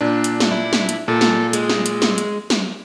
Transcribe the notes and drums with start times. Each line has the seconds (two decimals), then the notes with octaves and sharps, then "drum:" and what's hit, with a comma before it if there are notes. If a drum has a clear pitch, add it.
0.01 A#2 D4
0.24 drum: hi-hat
0.40 drum: snare
0.51 E4
0.73 drum: snare
0.89 drum: hi-hat
1.08 A#2 A4
1.21 drum: snare
1.53 G#3, drum: hi-hat
1.69 drum: snare
1.86 drum: hi-hat
2.02 drum: snare
2.18 drum: hi-hat
2.50 drum: snare